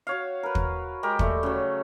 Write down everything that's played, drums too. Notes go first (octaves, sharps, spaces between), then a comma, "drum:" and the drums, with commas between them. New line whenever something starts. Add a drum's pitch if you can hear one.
F#4 C#5 F5
A#4 B4
drum: kick
G#3 G4 A#4
G3 A3, drum: kick
C#3 F#3